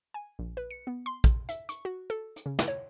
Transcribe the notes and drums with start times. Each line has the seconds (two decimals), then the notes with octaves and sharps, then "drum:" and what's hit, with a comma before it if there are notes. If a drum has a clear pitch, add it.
0.14 G#5
0.39 A#1
0.57 B4
0.71 C#7
0.87 B3
1.06 C6
1.24 drum: kick, hi-hat
1.49 E5, drum: hi-hat
1.69 C#6, drum: hi-hat
1.85 F#4
2.10 A4
2.36 drum: hi-hat
2.46 C#3
2.59 drum: snare
2.68 C#5